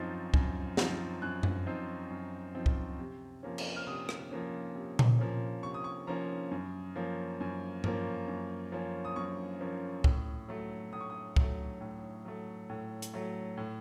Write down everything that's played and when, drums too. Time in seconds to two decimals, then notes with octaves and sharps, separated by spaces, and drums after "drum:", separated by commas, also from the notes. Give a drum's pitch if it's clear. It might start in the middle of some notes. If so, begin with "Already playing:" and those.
Already playing: F#2 F3 C4 D#4 A6
0.34 F#2, drum: kick C#2
0.77 F3 C4 D#4, drum: snare
1.22 F#2 F#6
1.43 drum: tom F#2
1.66 F3 C4 D#4
2.10 F#2
2.55 F3 C4 D#4
2.66 drum: kick C#2
2.99 C3
3.43 F3 A#3 C#4
3.58 drum: cymbal
3.76 F6
3.87 C3 D#6
4.09 drum: rim click
4.31 F3 A#3 C#4
4.75 C3
4.99 drum: tom A#2
5.19 F3 A#3 C#4
5.63 C3 C#6
5.74 D#6
5.84 C#6
6.07 F3 A#3 C#4 A#5
6.51 F#2
6.96 F3 A#3 C#4
7.40 F#2
7.84 F3 A#3 C#4, drum: tom G2
8.28 F#2
8.72 F3 A#3 C#4
9.05 D#6
9.16 F#2 C#6
9.60 F3 A#3 C#4
10.04 A2, drum: kick C#2
10.48 F#3 A3
10.93 A2 D#6
11.01 C#6
11.10 D#6
11.36 F#3 A3, drum: kick C#2
11.81 A2
12.25 F#3 A3
12.70 A2
13.02 drum: hi-hat
13.14 F#3 A3
13.57 A2